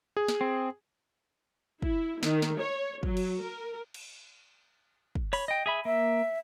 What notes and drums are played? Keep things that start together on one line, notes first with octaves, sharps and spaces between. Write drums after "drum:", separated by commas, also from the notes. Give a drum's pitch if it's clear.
G#4
drum: snare
C4
E4, drum: kick
D#3, drum: snare
drum: snare
C#5
F#3, drum: kick
drum: cymbal
A#4
drum: cymbal
drum: kick
C#5 B5, drum: open hi-hat
D#5 G5
G#4 E5 B5
A#3 E5